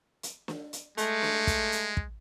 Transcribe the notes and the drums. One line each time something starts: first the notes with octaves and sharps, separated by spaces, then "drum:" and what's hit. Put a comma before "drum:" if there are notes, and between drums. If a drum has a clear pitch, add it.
drum: hi-hat
drum: snare
drum: hi-hat
G#3 A3, drum: hi-hat
drum: snare
drum: kick, hi-hat
drum: hi-hat
drum: kick